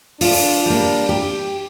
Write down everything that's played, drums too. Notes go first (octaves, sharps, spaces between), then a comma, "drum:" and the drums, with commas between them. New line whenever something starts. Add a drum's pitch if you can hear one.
D4 F4, drum: open hi-hat
G3 A#3
G4